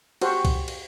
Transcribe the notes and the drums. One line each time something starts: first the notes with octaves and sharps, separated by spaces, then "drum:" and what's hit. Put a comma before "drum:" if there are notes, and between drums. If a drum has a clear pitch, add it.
F#4 G4 C5, drum: cymbal
drum: kick B1, cymbal
drum: cymbal